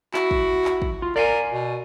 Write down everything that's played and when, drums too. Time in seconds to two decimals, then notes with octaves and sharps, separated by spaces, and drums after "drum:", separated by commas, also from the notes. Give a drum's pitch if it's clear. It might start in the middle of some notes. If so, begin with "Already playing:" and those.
0.14 E4 F#4, drum: clap
0.31 drum: kick
0.65 drum: clap
0.82 drum: kick
1.02 F4
1.16 A#4 D5 F5 G#5
1.51 B2